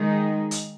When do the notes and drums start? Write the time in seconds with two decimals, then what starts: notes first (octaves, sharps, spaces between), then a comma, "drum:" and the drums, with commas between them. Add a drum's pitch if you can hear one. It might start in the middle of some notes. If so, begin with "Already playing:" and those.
Already playing: D#3 G#3 D#4 G#4
0.51 drum: hi-hat